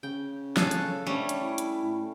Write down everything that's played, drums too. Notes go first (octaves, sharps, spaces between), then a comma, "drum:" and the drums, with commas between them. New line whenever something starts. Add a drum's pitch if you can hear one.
C#3 G5
A4 C#5 F5 G#5 F#6, drum: snare
drum: hi-hat
G3 A3 C#4 D4 C#5
drum: hi-hat
E4
drum: hi-hat
A2